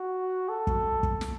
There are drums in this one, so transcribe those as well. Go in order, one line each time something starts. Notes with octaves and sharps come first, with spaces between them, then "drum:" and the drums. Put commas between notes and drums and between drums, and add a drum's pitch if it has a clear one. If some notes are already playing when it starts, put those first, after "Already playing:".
Already playing: F#4
A4
drum: kick
drum: kick
drum: snare